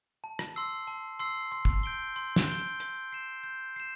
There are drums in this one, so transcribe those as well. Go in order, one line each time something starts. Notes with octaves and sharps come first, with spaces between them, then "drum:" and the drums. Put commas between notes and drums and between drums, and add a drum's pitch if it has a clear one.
A5
drum: rim click
C6 E6 C7
A5
C6 E6 C7
C6
drum: kick
G6 D7 G7
C6
drum: snare
G6 D7 G7
G6, drum: hi-hat
C7 E7
G6
C7 E7